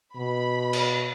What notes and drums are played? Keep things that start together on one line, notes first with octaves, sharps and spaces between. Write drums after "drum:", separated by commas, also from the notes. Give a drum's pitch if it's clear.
B2 B5
drum: cymbal